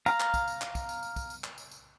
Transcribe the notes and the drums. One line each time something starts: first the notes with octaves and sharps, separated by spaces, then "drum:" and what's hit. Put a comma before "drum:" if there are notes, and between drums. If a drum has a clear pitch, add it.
F5 A#5, drum: tambourine
drum: clap
drum: kick, tambourine
drum: tambourine
drum: clap
drum: kick, tambourine
drum: tambourine
drum: tambourine
drum: kick, tambourine
drum: tambourine
drum: clap
drum: tambourine
drum: tambourine